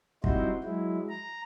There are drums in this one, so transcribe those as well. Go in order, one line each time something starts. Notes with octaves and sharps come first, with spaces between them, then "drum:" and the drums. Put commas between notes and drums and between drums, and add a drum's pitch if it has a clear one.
G3 C4 D#4 E4 F#4 C5, drum: kick
F#3 G#3 E4
A#5